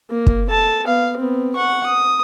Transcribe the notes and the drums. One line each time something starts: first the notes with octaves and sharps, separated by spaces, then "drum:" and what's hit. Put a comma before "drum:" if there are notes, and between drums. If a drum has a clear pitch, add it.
A#3
drum: kick
A4 A5
B3 F5
B3 C4
F#5 C#6
D#6